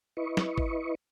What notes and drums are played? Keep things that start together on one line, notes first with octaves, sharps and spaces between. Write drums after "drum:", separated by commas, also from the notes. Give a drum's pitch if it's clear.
E4 B4 D#5 C#6
drum: snare
drum: kick G#1